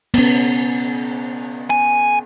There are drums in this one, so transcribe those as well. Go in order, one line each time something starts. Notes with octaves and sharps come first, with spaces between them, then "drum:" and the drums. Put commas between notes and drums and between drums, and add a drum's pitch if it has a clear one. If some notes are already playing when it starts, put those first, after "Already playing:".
B3 C#4, drum: cymbal
G#5